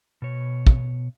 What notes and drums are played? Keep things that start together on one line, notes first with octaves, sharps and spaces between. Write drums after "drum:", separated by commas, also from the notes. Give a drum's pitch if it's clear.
B2 C#5
drum: kick